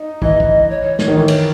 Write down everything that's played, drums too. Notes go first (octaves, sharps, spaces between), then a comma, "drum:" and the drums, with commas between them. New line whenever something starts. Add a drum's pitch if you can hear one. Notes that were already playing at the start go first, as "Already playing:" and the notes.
Already playing: D#4
E3 D#5, drum: kick
drum: kick
C#5
drum: snare
D#3
E3 A#4
drum: cymbal